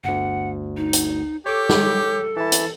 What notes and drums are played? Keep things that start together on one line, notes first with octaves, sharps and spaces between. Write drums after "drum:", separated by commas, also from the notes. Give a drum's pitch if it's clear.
G1 D2 F#5
D#4
drum: hi-hat
G4 A4 C#5 D6
drum: snare
E3 E4 A5
drum: hi-hat